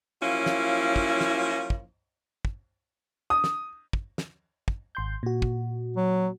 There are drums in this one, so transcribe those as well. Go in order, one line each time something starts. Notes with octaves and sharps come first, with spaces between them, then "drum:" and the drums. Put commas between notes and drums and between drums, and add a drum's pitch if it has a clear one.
F3 F#3 A#3 C#4 E4
drum: snare
drum: kick
drum: snare
drum: kick
drum: kick
D#6
drum: snare
drum: kick
drum: snare
drum: kick
G#1 C6 G6
A#2 F#4
drum: kick
F#3